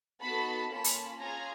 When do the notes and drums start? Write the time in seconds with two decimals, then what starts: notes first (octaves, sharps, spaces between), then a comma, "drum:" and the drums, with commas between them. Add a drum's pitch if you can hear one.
0.21 B3 D#4 F#4 A4 A5 B5
0.70 A#3 C#4 F4 A5 B5
0.84 drum: hi-hat
1.20 C#4 F4 G#4 G#5 A#5